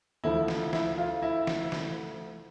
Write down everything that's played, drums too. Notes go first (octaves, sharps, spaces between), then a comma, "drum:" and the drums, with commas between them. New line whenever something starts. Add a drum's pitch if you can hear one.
D2 D3 F3 E4
drum: snare
E4, drum: snare
F4
E4
drum: snare
drum: snare